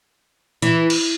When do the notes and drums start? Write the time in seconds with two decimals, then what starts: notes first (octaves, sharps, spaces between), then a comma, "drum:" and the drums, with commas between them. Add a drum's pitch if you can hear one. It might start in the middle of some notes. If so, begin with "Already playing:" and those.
0.62 E3, drum: hi-hat
0.90 drum: cymbal